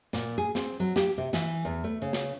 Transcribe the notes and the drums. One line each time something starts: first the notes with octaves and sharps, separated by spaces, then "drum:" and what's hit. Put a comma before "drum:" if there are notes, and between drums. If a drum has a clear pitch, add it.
A#2, drum: snare
G#4
C4, drum: snare
F#3
G4, drum: snare
C3
E3, drum: snare
E2
A3
C#3
drum: snare